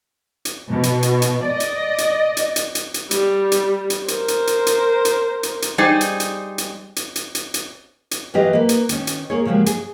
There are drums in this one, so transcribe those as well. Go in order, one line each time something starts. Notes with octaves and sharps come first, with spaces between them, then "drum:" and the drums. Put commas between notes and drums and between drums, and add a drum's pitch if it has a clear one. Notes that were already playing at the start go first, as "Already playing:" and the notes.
drum: hi-hat
B2
drum: hi-hat
drum: hi-hat
drum: hi-hat
D5 D#5
drum: hi-hat
drum: hi-hat
drum: hi-hat
drum: hi-hat
drum: hi-hat
drum: hi-hat
G3, drum: hi-hat
drum: hi-hat
drum: hi-hat
A#4 C5, drum: hi-hat
drum: hi-hat
drum: hi-hat
drum: hi-hat
drum: hi-hat
drum: hi-hat
drum: hi-hat
G3 D#4 G#4 C5
drum: hi-hat
drum: hi-hat
drum: hi-hat
drum: hi-hat
drum: hi-hat
drum: hi-hat
drum: hi-hat
drum: hi-hat
E3 F#3 F4 G4 G#4 D#5
A#3 B4
drum: hi-hat
D#3 C#4, drum: hi-hat
drum: hi-hat
A#3 G#4 C#5
C#3 F3 F#3 G#3 A#3 G4
G#4, drum: hi-hat